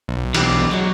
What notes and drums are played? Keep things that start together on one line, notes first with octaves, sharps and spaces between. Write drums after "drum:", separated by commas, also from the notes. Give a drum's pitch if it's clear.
B1
B2 E3 G3 C4 G4, drum: cymbal
F#2 F#3 G#3